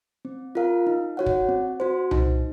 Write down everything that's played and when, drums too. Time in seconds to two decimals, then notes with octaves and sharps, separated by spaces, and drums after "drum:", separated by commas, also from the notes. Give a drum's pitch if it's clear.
0.25 C4
0.55 F4 A#4 F5
0.87 D#4
1.17 F#4 C#5 F#5
1.26 drum: kick
1.49 C4
1.80 F#4 C5
2.11 D#4, drum: tom C2